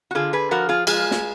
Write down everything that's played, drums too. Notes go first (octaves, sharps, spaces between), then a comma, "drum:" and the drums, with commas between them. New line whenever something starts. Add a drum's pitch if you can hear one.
F#4
D3 F4 G#4
G#4 B4
F3 F#4 A#4
F4 G#4
G#3 F4 G#4, drum: cymbal
drum: snare